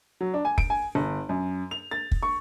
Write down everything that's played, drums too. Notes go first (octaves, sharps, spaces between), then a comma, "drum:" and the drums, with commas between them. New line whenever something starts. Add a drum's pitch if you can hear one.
F#3
D4
G#5
D7, drum: kick
G#5
G1
F#2
F7
A6
drum: kick
C#6